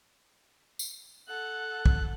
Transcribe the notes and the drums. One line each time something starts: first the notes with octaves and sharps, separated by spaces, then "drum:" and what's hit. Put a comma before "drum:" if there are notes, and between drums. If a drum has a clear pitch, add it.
drum: tambourine
A4 F#5 F#6
drum: kick